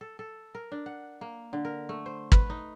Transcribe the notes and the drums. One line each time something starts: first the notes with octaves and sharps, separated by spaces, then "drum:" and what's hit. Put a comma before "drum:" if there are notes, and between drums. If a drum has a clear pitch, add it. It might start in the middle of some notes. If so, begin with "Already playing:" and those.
A4
A4
A#4
D4
F#5
A#3
D3
A#4
A3
C5
B4, drum: kick
D#4